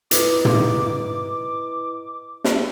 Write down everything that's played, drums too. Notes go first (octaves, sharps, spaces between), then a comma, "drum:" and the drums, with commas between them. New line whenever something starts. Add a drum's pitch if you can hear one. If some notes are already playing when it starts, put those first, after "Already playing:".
E4 B4 D#5 D6, drum: hi-hat
drum: tom
drum: snare